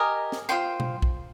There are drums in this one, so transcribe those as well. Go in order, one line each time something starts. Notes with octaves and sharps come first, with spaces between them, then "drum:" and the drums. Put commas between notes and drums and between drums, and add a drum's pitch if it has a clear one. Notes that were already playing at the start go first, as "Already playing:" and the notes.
Already playing: G4 A#4 D#5 G#5
drum: snare
F4 C5 G5 C6
drum: tom B2
drum: kick B1